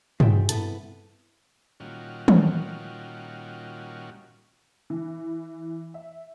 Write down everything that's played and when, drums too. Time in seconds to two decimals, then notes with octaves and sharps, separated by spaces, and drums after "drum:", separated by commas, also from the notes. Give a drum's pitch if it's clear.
0.20 F4 F#4 G#4 E5 G5, drum: tom
0.49 C2 F#3 B3 E4 A4 A5, drum: hi-hat
1.80 A#2 D#3 G3 C#4 F4 F#4
2.28 drum: tom
4.90 E3
5.94 E5